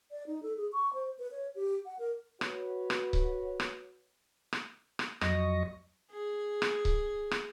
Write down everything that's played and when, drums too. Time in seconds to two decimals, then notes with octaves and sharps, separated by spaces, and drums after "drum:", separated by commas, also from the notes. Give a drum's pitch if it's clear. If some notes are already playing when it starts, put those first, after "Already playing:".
0.11 D5
0.27 D#4
0.43 A4
0.57 G#4
0.73 C#6
0.94 C5
1.19 B4
1.31 C#5
1.55 G4
1.86 F#5
1.99 A#4
2.41 F#4 B4 C#5, drum: rim click
2.90 drum: rim click
3.13 drum: kick C#1
3.60 drum: rim click
4.53 drum: rim click
4.99 drum: rim click
5.21 F2 F#3 D#5 C#6 A#6, drum: rim click
6.12 G#4
6.62 drum: rim click
6.85 drum: kick C#1
7.31 drum: rim click